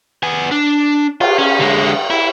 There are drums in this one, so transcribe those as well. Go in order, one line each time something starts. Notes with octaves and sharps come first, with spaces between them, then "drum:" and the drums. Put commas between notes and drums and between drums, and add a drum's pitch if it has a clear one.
B3 G#5
D4
F4, drum: cymbal
C#4
D3 G#3
E4